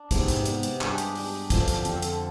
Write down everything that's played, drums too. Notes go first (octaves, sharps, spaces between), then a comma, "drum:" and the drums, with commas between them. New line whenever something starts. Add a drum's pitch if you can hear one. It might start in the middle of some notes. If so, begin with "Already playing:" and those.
Already playing: D4
G#2 C3 G3 B3, drum: kick, hi-hat
drum: hi-hat
C3 G3 B3, drum: hi-hat
drum: hi-hat
G2 G#3 D4 G4, drum: clap
drum: hi-hat
G#3 D4 G4, drum: open hi-hat
D3 F3 C4, drum: kick, hi-hat
drum: hi-hat
F2 D3 F3 C4, drum: hi-hat
drum: hi-hat